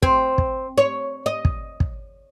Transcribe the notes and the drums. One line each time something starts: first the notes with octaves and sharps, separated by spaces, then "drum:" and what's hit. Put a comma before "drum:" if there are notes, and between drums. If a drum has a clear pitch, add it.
C4, drum: kick
drum: kick
C#5
D#5
drum: kick
drum: kick